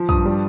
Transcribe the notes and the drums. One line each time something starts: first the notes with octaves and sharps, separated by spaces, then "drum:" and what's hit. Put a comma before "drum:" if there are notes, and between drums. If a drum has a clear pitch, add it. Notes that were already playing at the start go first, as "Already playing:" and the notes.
Already playing: F3
G2 D#6, drum: kick
G3